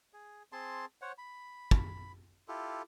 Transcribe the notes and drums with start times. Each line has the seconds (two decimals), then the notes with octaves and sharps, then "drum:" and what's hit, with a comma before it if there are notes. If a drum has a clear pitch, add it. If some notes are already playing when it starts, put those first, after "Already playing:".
0.13 G#4
0.52 C4 G#4 A5 C6
1.02 C5 C#5 F#5
1.18 B5
1.71 drum: kick
2.48 E4 F4 G4 A4